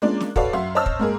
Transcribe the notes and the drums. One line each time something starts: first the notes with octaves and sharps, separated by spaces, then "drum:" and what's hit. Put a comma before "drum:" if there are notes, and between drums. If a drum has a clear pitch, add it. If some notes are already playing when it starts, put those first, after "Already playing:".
G#3 A#3 C#4 D4 F4 D5
drum: snare
F#4 A4 B4 C#5 D5 F5, drum: kick
F#2 F#4 E5 F5 C6
C5 C#5 D#5 A5 E6 F6
drum: kick
G#2 A#3 G#4 A#4